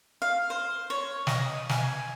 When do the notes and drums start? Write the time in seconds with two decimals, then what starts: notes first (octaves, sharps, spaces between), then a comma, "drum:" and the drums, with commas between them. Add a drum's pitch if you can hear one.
0.22 F5
0.50 C5
0.90 C#5
1.27 D#5, drum: snare
1.69 G#5, drum: snare